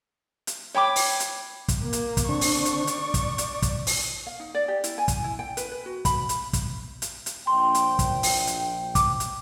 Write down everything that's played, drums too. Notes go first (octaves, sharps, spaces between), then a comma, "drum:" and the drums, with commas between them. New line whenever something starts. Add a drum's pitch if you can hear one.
drum: hi-hat
C#5 G5 B5 D6
drum: open hi-hat
drum: hi-hat
drum: kick, hi-hat
A#3
drum: hi-hat
drum: kick, hi-hat
D3 C4 D4 C#6
drum: open hi-hat
drum: hi-hat
D5, drum: hi-hat
drum: kick, hi-hat
drum: hi-hat
drum: kick, hi-hat
drum: open hi-hat
F5
D#4
D5
G4
E4, drum: hi-hat
G#5
drum: kick, hi-hat
E4
G5
B4, drum: hi-hat
B4
F#4
B5, drum: kick, hi-hat
drum: hi-hat
drum: kick, hi-hat
drum: hi-hat
drum: hi-hat
A#1 G5 C6
drum: hi-hat
drum: kick, hi-hat
drum: open hi-hat
drum: hi-hat
D6, drum: kick, hi-hat
drum: hi-hat